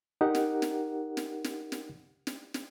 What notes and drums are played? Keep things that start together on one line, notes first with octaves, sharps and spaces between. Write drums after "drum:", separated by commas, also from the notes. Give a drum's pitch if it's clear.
D#4 G4 A#4 F#5
drum: snare
drum: snare
drum: snare
drum: snare
drum: snare
drum: snare
drum: snare